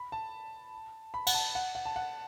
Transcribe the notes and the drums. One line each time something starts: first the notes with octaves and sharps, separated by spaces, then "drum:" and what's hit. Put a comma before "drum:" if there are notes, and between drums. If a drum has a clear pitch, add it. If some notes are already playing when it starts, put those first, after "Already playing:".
Already playing: B5
A5
B5
F#5, drum: cymbal
A5
F#5
F#5
A5
F#5